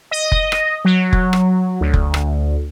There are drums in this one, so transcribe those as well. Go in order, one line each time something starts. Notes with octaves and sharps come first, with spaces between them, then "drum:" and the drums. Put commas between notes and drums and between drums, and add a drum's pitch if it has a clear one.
D#5
drum: kick F1
drum: rim click
F#3
drum: kick F1
drum: rim click
D2
drum: kick F1
drum: rim click